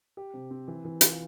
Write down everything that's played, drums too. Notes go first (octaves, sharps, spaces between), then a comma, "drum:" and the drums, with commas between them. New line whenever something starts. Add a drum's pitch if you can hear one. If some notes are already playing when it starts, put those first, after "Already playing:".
G4
C3
C4
E3
E3
F4, drum: hi-hat